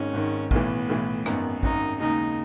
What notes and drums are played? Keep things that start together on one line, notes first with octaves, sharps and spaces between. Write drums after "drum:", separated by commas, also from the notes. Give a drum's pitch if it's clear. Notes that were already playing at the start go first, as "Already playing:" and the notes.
Already playing: G#1 G#2 D#3 C#4
G#1 G#2 D#3
B1 A2 E3 B3, drum: kick
B1 A2 E3
G#1 F#2 D#3 B3, drum: rim click
G#1 F#2 D#3 D#4, drum: kick
D#2 C#3 G#3 D#4